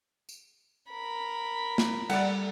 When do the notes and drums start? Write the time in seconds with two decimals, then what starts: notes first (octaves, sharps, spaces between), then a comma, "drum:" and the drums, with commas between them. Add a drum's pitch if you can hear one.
0.29 drum: tambourine
0.91 A#4 B5
1.78 drum: snare
2.10 G3 A4 D5 F#5, drum: cymbal